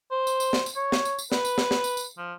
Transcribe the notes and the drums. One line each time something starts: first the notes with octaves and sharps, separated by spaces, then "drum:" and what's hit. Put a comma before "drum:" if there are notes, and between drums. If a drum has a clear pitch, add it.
C5
drum: tambourine
drum: tambourine
drum: snare
drum: tambourine
C#5
drum: snare
drum: tambourine
drum: tambourine
B4, drum: snare
drum: tambourine
drum: snare
drum: snare
drum: tambourine
drum: tambourine
F3